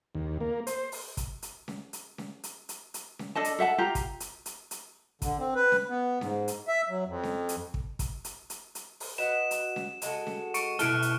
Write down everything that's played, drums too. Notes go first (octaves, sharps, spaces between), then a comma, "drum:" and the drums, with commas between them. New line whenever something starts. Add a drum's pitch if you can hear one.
D#2
A#3
C5, drum: hi-hat
drum: open hi-hat
drum: kick, hi-hat
drum: hi-hat
drum: snare C#4
drum: hi-hat
drum: snare C#4
drum: hi-hat
drum: hi-hat
drum: hi-hat
drum: snare C#4
D4 A4 D#5 A5
drum: hi-hat
A4 E5 F#5 A5
F4 G4 A#5
drum: kick, hi-hat
drum: hi-hat
drum: hi-hat
drum: hi-hat
D3, drum: kick, hi-hat
C4
B4
drum: snare C#4
B3
G#2, drum: snare C#4
drum: hi-hat
E5
F#3
F2
drum: snare C#4
drum: hi-hat
drum: kick
drum: kick, hi-hat
drum: hi-hat
drum: hi-hat
drum: hi-hat
drum: open hi-hat
F#4 B4 D#5 E7
drum: hi-hat
drum: snare C#4
G#3 F#4 A4, drum: hi-hat
drum: snare C#4
C#6 C#7 D7, drum: hi-hat
B2 E4 A4 F6 F#6 D7, drum: hi-hat
drum: hi-hat